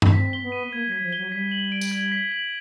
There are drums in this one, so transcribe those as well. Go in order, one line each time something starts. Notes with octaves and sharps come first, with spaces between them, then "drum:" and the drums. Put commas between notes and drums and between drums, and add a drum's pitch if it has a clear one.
drum: tom G2
C4 B6
G7
B3
D#7
A#3 G#6
F#3 B6
F3
F#3 G7
G3 B6
F#7
D7
drum: tambourine
G#6
B6
F#7